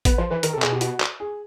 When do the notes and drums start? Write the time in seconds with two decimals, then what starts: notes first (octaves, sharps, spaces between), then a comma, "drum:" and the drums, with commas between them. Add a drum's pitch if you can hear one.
0.05 B3 B4, drum: kick A1, hi-hat
0.18 F3 C5
0.30 E3 B4
0.43 D#3 A#4, drum: hi-hat
0.53 C3 A4
0.62 B2 G#4, drum: clap
0.72 G4
0.81 F#4, drum: hi-hat
1.00 drum: clap
1.20 G#4